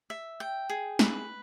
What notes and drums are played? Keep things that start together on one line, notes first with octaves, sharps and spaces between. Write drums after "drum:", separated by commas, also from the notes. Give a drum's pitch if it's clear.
E5
G5
G#4
B4, drum: snare